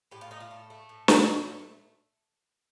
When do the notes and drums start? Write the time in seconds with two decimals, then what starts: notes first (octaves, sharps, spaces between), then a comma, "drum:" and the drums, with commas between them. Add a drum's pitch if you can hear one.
0.11 A2 G4
0.21 F4
0.31 A2 D#4
0.40 F4
0.51 A3
0.70 A3
0.89 A2
1.08 A2, drum: snare
1.28 A3
1.47 A3